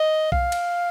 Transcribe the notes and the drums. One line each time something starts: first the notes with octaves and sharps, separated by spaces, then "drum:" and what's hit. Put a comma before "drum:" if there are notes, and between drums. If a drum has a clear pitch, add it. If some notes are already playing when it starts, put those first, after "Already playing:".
Already playing: D#5
F5, drum: kick B1
drum: cymbal